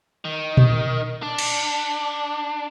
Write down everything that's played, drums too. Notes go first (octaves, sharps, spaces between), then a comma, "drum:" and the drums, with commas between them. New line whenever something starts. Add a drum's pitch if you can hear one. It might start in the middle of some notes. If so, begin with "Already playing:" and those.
D#3
drum: tom A#2
D4
drum: cymbal